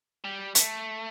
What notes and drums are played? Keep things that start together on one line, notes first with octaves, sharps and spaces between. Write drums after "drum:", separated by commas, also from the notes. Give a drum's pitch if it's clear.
G3
A3, drum: hi-hat